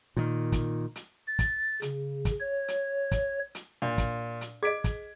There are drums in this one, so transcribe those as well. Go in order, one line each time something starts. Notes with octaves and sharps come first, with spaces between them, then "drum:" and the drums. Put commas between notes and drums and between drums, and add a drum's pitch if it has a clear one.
A#2 D#3
drum: kick, hi-hat
drum: hi-hat
A6
drum: kick, hi-hat
C#3, drum: hi-hat
drum: kick, hi-hat
C#5
drum: hi-hat
drum: kick, hi-hat
drum: hi-hat
A#2 D4
drum: kick, hi-hat
drum: hi-hat
G#4 D#5 G#6 B6 D7
drum: kick, hi-hat